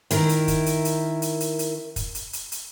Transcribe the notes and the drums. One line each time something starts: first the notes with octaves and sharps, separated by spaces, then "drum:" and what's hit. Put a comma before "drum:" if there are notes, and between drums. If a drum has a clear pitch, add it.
D#3 E4 A#4, drum: hi-hat
drum: hi-hat
drum: kick, hi-hat
drum: hi-hat
drum: hi-hat
drum: hi-hat
drum: hi-hat
drum: hi-hat
drum: kick, hi-hat
drum: hi-hat
drum: hi-hat
drum: hi-hat